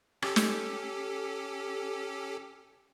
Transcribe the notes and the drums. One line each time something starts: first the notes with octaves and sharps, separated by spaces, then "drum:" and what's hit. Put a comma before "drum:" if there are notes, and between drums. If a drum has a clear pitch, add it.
C#4 G4 A4, drum: rim click
drum: snare